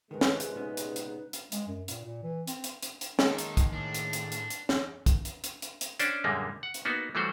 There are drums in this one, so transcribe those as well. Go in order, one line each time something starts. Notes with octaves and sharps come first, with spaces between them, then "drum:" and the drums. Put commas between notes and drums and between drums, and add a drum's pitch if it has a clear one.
C#2 G#2 C3 D#3 G#3 A#4 B4
drum: snare
drum: hi-hat
A#2 B3 C#4 D#4
drum: hi-hat
drum: hi-hat
drum: hi-hat
G#3, drum: hi-hat
F#2
A#2, drum: hi-hat
A#2
E3
C4, drum: hi-hat
drum: hi-hat
drum: hi-hat
drum: hi-hat
D#3 G#3 A#3 D#4 A4 A#4, drum: snare
drum: hi-hat
drum: kick, hi-hat
A2 D#3 D4
drum: hi-hat
drum: hi-hat
drum: hi-hat
drum: hi-hat
drum: snare
drum: kick, hi-hat
drum: hi-hat
drum: hi-hat
drum: hi-hat
drum: hi-hat
C#4 D4 C5 D5, drum: hi-hat
F#2 A#2 D3 G3 G#3 A#3
F#5
drum: hi-hat
A#3 B3 D#4 F#4
E3 F#3 G3 A3 F#4 C5